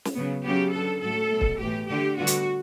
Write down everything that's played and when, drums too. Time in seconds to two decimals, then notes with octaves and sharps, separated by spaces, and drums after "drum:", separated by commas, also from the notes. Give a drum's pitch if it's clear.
0.05 drum: snare
0.15 C#3 F#3 B3
0.44 C#3 F#3 B3 G4
0.73 D3 F#3 B3 A4
1.01 A2 F#3 A3 A4
1.30 B2 F#3 A3
1.41 drum: kick
1.60 A2 E3 A3 G4
1.88 D3 A3 G4
2.17 D3 G3 B3 F#4
2.27 drum: hi-hat